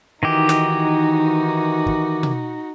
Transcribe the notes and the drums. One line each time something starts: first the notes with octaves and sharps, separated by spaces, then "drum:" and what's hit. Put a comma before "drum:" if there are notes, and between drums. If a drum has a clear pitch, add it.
D#3 E3 D#4 F#4 G4
drum: snare
drum: kick
drum: tom B2